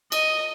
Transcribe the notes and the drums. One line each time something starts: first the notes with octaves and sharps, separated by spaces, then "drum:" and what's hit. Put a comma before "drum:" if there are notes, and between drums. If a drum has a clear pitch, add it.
D#5, drum: cymbal